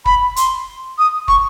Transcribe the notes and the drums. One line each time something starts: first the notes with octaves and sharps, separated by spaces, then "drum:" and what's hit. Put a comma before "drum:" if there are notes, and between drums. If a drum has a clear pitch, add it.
B5, drum: kick
C6, drum: hi-hat
D#6
C#6, drum: kick